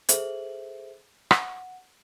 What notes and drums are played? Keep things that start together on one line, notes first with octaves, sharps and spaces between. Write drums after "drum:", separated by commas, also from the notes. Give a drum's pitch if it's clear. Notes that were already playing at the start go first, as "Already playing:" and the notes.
G#4 A4 C5 E5 F#7, drum: hi-hat
F#5, drum: rim click